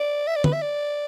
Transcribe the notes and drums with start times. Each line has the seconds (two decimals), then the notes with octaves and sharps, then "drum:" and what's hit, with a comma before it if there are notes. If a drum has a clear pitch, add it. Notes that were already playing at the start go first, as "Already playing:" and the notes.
Already playing: D5
0.27 E5
0.36 D5
0.44 B4, drum: tom D3
0.53 E5
0.62 D5